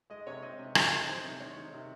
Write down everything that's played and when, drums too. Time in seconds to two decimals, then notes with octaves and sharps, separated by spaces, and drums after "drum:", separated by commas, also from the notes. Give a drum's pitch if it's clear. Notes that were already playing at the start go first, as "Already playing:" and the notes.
0.10 G#3 D#5
0.27 C3 C#5
0.43 C4 D#5
0.59 C3
0.75 C3 C#5, drum: rim click
0.92 G#3
1.08 D#3 C5
1.24 C3
1.40 D#3 C#5
1.57 D#3
1.73 C3